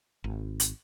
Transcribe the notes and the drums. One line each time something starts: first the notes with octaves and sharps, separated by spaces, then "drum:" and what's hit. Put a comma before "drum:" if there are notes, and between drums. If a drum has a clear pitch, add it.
G#1
drum: hi-hat